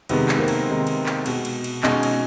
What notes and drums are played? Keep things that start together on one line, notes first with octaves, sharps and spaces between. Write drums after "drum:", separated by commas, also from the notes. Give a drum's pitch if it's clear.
C3 D#3 G#3 B3, drum: cymbal
drum: clap
A#3 C4
drum: cymbal
C3 D#3 G#3
drum: cymbal
drum: clap
B2 G#3, drum: cymbal
drum: cymbal
drum: cymbal
B2 G#3 C#4 D#4, drum: clap
drum: cymbal